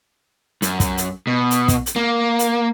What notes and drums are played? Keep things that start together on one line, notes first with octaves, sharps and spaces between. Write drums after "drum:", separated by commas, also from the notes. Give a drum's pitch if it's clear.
F#2, drum: hi-hat
drum: kick, hi-hat
drum: hi-hat
B2
drum: hi-hat
drum: kick, hi-hat
drum: hi-hat
A#3
drum: hi-hat